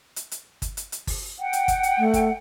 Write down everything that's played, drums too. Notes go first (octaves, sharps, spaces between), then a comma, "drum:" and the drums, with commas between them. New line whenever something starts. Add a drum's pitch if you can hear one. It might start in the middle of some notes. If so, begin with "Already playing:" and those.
drum: hi-hat
drum: hi-hat
drum: kick G1, hi-hat
drum: hi-hat
drum: hi-hat
drum: kick G1, open hi-hat
F#5 G5
drum: hi-hat
drum: kick G1, hi-hat
drum: hi-hat
A3
drum: kick G1, hi-hat